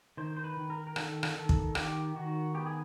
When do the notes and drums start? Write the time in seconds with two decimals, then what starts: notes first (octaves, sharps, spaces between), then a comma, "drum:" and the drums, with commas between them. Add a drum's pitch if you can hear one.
0.17 D#3 C5
0.37 C5
0.44 B4
0.57 D#3
0.70 A#4
0.87 A#4
0.96 D#3 A4, drum: rim click
1.23 drum: rim click
1.36 D#3 A4
1.49 drum: kick
1.75 D#3 G4, drum: rim click
2.15 D#3 F#4
2.54 B3 G4
2.66 G#4